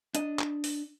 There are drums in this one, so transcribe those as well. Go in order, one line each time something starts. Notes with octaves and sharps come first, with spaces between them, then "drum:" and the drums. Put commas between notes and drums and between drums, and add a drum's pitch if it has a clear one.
D4 D#5, drum: hi-hat
drum: clap
drum: open hi-hat